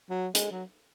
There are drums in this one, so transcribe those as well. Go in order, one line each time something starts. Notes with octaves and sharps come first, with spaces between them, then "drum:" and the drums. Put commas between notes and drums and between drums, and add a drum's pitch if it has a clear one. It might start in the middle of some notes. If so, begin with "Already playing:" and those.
F#3
G#3, drum: hi-hat
F#3